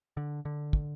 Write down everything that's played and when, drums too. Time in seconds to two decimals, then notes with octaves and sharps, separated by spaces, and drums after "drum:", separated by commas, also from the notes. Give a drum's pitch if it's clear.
0.17 D3
0.45 D3
0.73 drum: kick